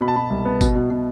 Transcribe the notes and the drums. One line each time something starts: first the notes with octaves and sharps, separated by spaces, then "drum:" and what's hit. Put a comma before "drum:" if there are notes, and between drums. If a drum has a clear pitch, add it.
B2 B5
A5
B2 B5
C2
B3
B2, drum: kick, tambourine
B2
B2